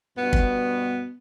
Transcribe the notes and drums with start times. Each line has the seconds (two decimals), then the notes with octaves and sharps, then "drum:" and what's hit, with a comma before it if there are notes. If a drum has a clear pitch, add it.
0.17 G2 B2 B3
0.33 drum: kick